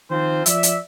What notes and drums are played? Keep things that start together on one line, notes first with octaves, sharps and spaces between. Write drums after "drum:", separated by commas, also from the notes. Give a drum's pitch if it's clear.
D#3 F3 C4 F4 C5
F3 D5 E5, drum: hi-hat
drum: hi-hat